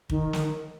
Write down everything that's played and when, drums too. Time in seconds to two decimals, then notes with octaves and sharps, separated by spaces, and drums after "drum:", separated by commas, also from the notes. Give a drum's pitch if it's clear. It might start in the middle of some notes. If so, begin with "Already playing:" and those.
0.10 D#3, drum: kick
0.33 drum: snare